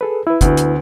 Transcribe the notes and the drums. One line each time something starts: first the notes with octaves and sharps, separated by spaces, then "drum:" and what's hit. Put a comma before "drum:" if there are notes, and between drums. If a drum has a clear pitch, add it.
G#4 A4 B4
E4 B4
D2 B3, drum: kick, hi-hat
drum: hi-hat